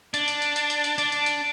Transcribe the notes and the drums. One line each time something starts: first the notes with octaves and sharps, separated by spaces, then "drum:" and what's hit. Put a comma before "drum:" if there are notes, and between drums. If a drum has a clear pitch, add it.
D4, drum: hi-hat
drum: hi-hat
drum: hi-hat
drum: hi-hat
drum: hi-hat
drum: hi-hat
D4, drum: hi-hat
drum: hi-hat
drum: hi-hat